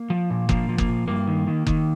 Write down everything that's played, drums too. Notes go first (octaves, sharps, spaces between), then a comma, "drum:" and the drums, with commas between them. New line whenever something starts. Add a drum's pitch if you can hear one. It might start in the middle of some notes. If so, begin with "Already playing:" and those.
Already playing: A#3
F3
A#2
F3 A#3, drum: kick F#1
F3
A#3, drum: kick F#1
A#2
G2 A#3
D#3
D#3
D#3, drum: kick F#1